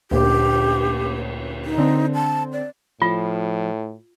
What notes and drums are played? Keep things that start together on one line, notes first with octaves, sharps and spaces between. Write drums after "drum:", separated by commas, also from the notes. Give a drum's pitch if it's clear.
D2 A#2 G4, drum: cymbal
D#4
D3 C4
A5
D5
A2 F3 F4